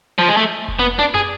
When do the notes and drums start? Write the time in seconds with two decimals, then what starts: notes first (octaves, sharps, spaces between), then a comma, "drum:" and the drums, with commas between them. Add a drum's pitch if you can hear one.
0.18 F3
0.28 G#3
0.37 A3
0.68 drum: kick F1
0.79 B3
0.99 D4
1.14 G#4, drum: tom